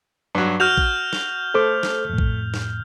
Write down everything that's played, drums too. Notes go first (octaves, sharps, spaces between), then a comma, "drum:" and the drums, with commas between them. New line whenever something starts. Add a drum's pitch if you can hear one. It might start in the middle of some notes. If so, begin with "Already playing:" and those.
G2 F#3
F#4 F6 G6 F7
drum: kick
drum: snare
A3 A4 C5 D6
drum: snare
F2 A2
drum: kick
drum: snare